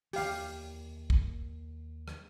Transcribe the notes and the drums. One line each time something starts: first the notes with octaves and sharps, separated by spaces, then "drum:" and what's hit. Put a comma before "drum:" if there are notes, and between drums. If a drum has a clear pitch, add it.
D#2 E3 G4 F5, drum: open hi-hat
drum: kick
drum: rim click